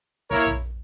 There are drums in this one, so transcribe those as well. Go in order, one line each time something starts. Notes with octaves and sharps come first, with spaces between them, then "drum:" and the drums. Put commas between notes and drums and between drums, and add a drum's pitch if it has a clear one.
A#3 E4 A#4 C#5, drum: kick
drum: tom A#1